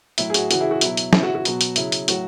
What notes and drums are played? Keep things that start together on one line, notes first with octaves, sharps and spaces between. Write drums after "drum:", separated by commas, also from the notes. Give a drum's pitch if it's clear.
A2 F#3 E4, drum: hi-hat
G#4
F#4, drum: hi-hat
C#3 E3 F#4, drum: hi-hat
E4 G#4
F#4
B2 F#3 E4, drum: hi-hat
drum: hi-hat
C#3 E3 E4, drum: snare
F#4
F#4
B2 F#3, drum: hi-hat
drum: hi-hat
C#3 F#3 E4, drum: hi-hat
drum: hi-hat
A2 F#3 F#4, drum: hi-hat